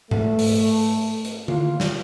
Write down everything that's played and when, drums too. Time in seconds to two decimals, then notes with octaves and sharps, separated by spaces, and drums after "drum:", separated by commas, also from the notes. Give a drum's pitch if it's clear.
0.11 A3, drum: tom G#2
0.39 drum: open hi-hat
1.25 drum: hi-hat
1.48 F4, drum: tom D3
1.80 drum: snare